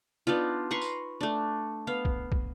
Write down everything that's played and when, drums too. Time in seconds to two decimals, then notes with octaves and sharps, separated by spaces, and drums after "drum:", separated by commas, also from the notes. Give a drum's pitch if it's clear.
0.27 B3 D4 D#4 F4
0.71 B4 A#5 C6 C#6
0.81 drum: tambourine
1.21 A3 D4
1.87 B3 F5
2.05 drum: kick
2.32 drum: kick